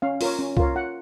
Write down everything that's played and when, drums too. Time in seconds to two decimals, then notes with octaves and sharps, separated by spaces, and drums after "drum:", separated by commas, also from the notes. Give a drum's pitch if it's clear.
0.02 C#4 F5
0.21 F4 A#4 C#5, drum: open hi-hat
0.39 C#4
0.57 F4 A#4 C#5, drum: kick
0.75 F4 F#5